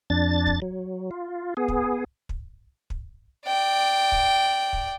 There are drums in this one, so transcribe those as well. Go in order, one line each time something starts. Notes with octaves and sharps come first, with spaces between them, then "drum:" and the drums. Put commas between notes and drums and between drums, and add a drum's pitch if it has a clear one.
F2 D4 A6
drum: kick
F#3
F4
B3 G#4
drum: kick
drum: kick
drum: kick
D5 G5
drum: kick
drum: kick